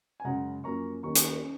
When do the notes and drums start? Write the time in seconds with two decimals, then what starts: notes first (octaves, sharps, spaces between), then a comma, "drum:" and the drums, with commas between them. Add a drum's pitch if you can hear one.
0.20 G#5
0.25 F#2 C#3 G#3 C#4 F#5 A#5
0.64 F#2 F3 A#3 C#4 A#5 C#6
1.03 D#2 D#3 A#3 C#4 A#5 C#6
1.15 drum: hi-hat
1.42 C#4